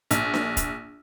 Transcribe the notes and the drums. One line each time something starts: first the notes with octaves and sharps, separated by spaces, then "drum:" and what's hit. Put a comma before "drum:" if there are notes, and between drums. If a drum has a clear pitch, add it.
A#1, drum: hi-hat
drum: snare D4
drum: kick, hi-hat